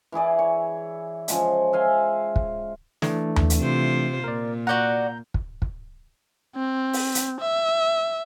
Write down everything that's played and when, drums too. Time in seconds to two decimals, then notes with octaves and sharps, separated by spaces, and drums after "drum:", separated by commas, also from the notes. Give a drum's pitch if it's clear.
0.12 E3 E4 G#4 D5
0.39 C#5
1.28 C#3 F3 G#3, drum: hi-hat
1.73 E5 F5 G#5 C6
2.36 drum: kick
3.02 E3 A3 D4, drum: snare
3.36 drum: tom D#2
3.50 drum: hi-hat
3.59 C3 F4 C5
4.24 A#2 A#4 D5
4.67 F#4 D5 F#5 A#5 G6
5.34 drum: kick
5.62 drum: kick
6.56 C4
6.93 drum: open hi-hat
7.15 drum: hi-hat
7.41 E5